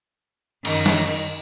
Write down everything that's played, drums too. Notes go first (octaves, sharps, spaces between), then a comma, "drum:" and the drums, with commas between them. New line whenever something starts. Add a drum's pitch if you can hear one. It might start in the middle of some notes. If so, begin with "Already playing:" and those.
F#2 D#3, drum: cymbal
drum: snare